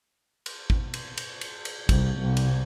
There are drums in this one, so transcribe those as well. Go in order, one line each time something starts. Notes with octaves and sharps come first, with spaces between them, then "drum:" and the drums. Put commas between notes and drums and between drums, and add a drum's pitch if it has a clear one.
drum: cymbal
drum: kick
drum: cymbal
drum: cymbal
drum: cymbal
drum: cymbal
C2, drum: kick, cymbal
C2
drum: cymbal